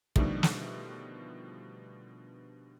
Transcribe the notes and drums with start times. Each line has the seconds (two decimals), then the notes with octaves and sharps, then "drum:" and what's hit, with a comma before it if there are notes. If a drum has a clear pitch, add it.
0.16 B2 D3 D#3 F3 G3 A3, drum: kick
0.43 drum: snare